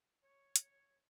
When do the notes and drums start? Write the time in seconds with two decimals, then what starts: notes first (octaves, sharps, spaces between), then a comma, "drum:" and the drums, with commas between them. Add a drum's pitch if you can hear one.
0.24 C#5
0.56 drum: hi-hat